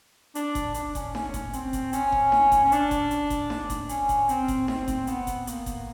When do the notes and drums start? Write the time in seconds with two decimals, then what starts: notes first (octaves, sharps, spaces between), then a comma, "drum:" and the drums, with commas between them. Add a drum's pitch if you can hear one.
0.35 D4, drum: hi-hat
0.55 drum: kick F#1, hi-hat
0.74 D4, drum: hi-hat
0.95 C#4, drum: kick F#1, hi-hat
1.15 C#4, drum: snare D#4
1.34 drum: kick F#1, hi-hat
1.53 C4, drum: hi-hat
1.73 drum: kick F#1, hi-hat
1.93 C#4, drum: hi-hat
2.12 drum: kick F#1
2.32 drum: snare D#4
2.52 drum: kick F#1, hi-hat
2.64 C#4
2.72 D4, drum: hi-hat
2.91 drum: kick F#1, hi-hat
3.11 drum: hi-hat
3.30 drum: kick F#1, hi-hat
3.50 drum: snare D#4
3.70 drum: kick F#1, hi-hat
3.89 C#4, drum: hi-hat
4.09 drum: kick F#1, hi-hat
4.29 C4, drum: hi-hat
4.48 drum: kick F#1, hi-hat
4.68 C4, drum: snare D#4
4.88 drum: kick F#1, hi-hat
5.07 B3, drum: hi-hat
5.27 drum: kick F#1, hi-hat
5.47 A#3, drum: hi-hat
5.66 drum: kick F#1, hi-hat